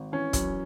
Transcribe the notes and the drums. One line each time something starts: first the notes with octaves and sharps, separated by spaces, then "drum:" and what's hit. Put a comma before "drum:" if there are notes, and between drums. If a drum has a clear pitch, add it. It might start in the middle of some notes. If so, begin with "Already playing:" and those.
Already playing: G#1
E3 C#4
F#2, drum: kick, hi-hat